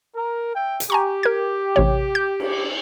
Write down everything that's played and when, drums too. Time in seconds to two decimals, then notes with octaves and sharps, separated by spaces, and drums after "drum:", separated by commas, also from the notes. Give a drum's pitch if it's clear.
0.15 A#4
0.54 E5 G5
0.80 drum: hi-hat
0.90 G4 G#5 A#5 C#6
1.23 A#4 G#6
1.76 A1 C3 C#5
2.15 G6
2.40 drum: cymbal